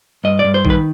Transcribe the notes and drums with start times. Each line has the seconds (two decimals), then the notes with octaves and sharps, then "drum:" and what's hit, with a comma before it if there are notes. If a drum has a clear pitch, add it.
0.24 G2 D#5
0.39 D5
0.44 G2
0.54 C5
0.65 D#3, drum: kick A#1
0.70 B4